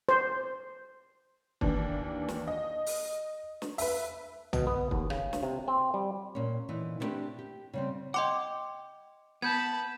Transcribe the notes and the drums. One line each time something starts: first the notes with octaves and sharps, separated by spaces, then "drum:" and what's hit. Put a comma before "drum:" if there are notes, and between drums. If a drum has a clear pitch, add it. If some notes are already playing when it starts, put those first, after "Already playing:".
C5
D#2 E3 D4, drum: kick
drum: snare
D#5
drum: open hi-hat
drum: snare
B4 E5, drum: open hi-hat
B2, drum: tom
B3
D#2, drum: kick
C#3, drum: rim click
drum: snare
C3
C4
G3
A#2 C#4
A#2 E3 D#4
A3 B3 C4 D4 G4 B4
G4
C#3 G3 C4
D#5 F#5 G5 C6 D6
B3 A5 B5 G6 G#6